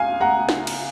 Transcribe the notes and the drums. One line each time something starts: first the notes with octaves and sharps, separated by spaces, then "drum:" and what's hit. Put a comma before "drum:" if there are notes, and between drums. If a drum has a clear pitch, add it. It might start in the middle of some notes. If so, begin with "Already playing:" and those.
Already playing: C#2 F5 G#5
F#5 A#5
drum: snare
drum: cymbal